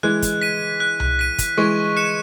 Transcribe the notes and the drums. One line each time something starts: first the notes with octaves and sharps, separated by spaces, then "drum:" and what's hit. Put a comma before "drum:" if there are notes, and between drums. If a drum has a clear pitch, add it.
E3 G#3 F#6
drum: kick, hi-hat
B6 D#7
F#6
drum: tom C2
B6 D#7
drum: kick, hi-hat
E3 G#3 C#6
F#6 C#7 E7